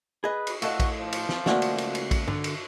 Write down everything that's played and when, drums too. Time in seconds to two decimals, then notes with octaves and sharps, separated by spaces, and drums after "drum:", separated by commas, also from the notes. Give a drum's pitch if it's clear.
0.24 G#4 B4 D#5
0.47 drum: cymbal
0.62 A2 F#4 A4 D#5 F5, drum: cymbal
0.80 drum: kick A#1, cymbal
1.00 F3
1.12 drum: cymbal
1.29 drum: snare
1.46 C#2 A3 A#3 F#4 D5 F#5, drum: snare
1.62 drum: cymbal
1.78 drum: cymbal
1.95 drum: cymbal
2.11 drum: kick A#1, cymbal
2.28 D3, drum: tom
2.44 drum: cymbal